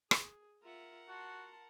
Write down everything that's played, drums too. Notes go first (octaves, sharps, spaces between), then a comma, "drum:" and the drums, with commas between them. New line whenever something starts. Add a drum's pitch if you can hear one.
G#4, drum: rim click
F4 A#4 E5 F#5
F#4 A5 C6